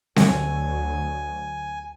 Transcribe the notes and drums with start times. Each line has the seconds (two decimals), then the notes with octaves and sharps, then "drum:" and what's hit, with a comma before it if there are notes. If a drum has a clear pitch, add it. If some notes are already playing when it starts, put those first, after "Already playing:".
0.16 D2 F#3 G#5, drum: snare C4